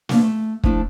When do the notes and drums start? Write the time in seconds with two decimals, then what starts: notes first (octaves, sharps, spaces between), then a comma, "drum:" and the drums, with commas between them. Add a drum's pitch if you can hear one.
0.09 E3 A#3 B3 D4 F4, drum: snare
0.22 A3
0.64 F3 A3 D4 E4, drum: kick